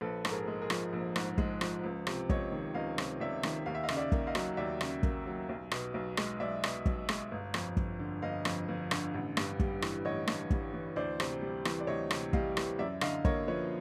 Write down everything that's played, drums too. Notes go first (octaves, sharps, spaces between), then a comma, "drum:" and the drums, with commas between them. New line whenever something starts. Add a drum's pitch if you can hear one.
A#1 A4 B4
G#2, drum: rim click
G#4 A#4
G#3
G#4 A#4
F3, drum: rim click
A#1
G#2, drum: rim click
G#3, drum: kick
F3, drum: rim click
C#2
C3, drum: rim click
C#2 C#5 D#5, drum: kick
D#3
C#2 D#5 F5
C3, drum: rim click
C#2 D5 E5
D#3, drum: rim click
D#2 F5
E5
D#5 F5
C#3, drum: rim click
D5 E5
A#3, drum: kick
D#5 F5
F#3, drum: rim click
D#2 D5 E5
C#3, drum: rim click
A#3, drum: kick
F#3
B1
B2, drum: rim click
B1
G#3, drum: rim click
B1 D5 E5
B2, drum: rim click
B1, drum: kick
G#3, drum: rim click
G1
F2, drum: rim click
G1, drum: kick
D3
G1 D#5 F5
F2, drum: rim click
G1
D3, drum: rim click
A1
G2, drum: rim click
G3, drum: kick
E3, drum: rim click
A1 C#5 D#5
G2, drum: rim click
G3, drum: kick
E3
D2 C5 D5
C3, drum: rim click
G3
E3, drum: rim click
D5
D2 C#5 D#5
C3, drum: rim click
G3 D#5 F5, drum: kick
E3, drum: rim click
F#2 D5 E5
D3 D#5 F5, drum: rim click
A#3 C#5 D#5, drum: kick
F3 B4 C#5